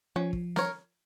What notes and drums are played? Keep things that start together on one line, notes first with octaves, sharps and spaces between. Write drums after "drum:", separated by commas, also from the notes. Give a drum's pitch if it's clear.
F3 C#4
drum: kick
A#4 C#5, drum: snare